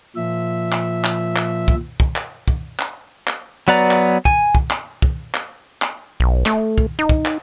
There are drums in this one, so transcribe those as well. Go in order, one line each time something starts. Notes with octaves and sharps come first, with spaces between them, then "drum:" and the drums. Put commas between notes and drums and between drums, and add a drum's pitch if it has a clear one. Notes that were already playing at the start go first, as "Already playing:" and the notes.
A#2 F3 E5
drum: clap
drum: clap
drum: clap
drum: kick
drum: kick
drum: clap
drum: kick
drum: clap
drum: clap
F#3 B3 B4 D5 A#5
drum: clap
G#5, drum: kick
drum: kick
drum: clap
drum: kick
drum: clap
drum: clap
B1
A3, drum: clap
drum: kick
D#4
drum: kick
drum: clap